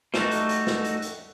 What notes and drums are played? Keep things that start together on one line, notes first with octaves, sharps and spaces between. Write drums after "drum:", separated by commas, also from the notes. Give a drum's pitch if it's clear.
G3 A3 D#4 F#4, drum: snare
drum: hi-hat
drum: hi-hat
drum: snare
drum: hi-hat
drum: hi-hat